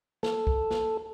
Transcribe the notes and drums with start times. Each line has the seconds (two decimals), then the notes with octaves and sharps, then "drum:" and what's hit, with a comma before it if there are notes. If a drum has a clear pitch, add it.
0.23 A4, drum: snare
0.47 drum: kick
0.71 drum: snare